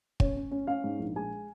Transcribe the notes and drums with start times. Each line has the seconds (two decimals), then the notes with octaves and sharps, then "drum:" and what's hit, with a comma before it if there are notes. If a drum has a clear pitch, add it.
0.20 C#4 C#5, drum: kick
0.36 C#4
0.51 C#4
0.67 C#4 F5
0.84 G#2
1.00 A#1
1.16 G#3 G#5